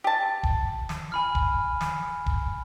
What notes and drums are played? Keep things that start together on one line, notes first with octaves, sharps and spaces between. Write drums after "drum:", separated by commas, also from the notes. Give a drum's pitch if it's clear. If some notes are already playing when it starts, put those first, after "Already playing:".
G4 A5
drum: kick D#1
drum: snare
G#5 B5 F6
drum: kick D#1
drum: snare
drum: kick D#1